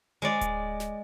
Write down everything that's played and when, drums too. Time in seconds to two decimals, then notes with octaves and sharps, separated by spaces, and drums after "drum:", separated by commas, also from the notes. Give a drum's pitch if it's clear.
0.22 G#3 C#5 D5
0.41 drum: kick D1, hi-hat
0.80 drum: snare